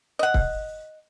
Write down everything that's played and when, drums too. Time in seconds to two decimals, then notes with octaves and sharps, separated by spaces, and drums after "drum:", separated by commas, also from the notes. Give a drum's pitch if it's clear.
0.19 D#5 F#5
0.34 drum: kick C#1